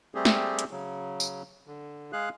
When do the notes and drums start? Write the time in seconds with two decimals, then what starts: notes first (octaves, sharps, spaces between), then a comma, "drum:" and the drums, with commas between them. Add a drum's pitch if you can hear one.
0.15 G3 A3 C4 G4 G#4
0.25 drum: snare
0.59 drum: hi-hat
0.71 C#3 F#3
1.20 drum: tambourine
1.67 D3
2.13 G#3 G#4 F5 F#6